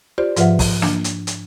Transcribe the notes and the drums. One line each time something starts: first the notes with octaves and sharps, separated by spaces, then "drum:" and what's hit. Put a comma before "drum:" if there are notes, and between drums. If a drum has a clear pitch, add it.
F4 G4 C5 D5
G#2 F3 F4 B4 E5 F#5, drum: hi-hat
drum: kick, open hi-hat
D4, drum: snare
drum: hi-hat
drum: hi-hat